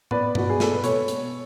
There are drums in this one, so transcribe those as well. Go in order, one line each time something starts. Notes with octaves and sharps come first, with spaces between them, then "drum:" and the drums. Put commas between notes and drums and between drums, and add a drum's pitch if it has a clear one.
B3 B4 D5, drum: tom A2
B2 F#4, drum: tom G2
G#4
G#3 A4, drum: snare
B4
B2 A4 C#5, drum: hi-hat
B3, drum: hi-hat